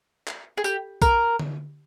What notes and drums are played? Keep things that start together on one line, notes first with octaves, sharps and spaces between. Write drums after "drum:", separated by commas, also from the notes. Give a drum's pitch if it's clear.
drum: clap
G#4
G4, drum: tambourine
A#4, drum: kick, tambourine
drum: tom D3